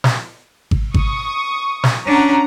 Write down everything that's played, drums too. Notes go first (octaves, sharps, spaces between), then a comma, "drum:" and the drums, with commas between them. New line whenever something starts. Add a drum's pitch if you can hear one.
drum: snare
drum: kick G#1
C#6 D#6, drum: kick G#1
drum: snare
C#4 D4 F#5 A#5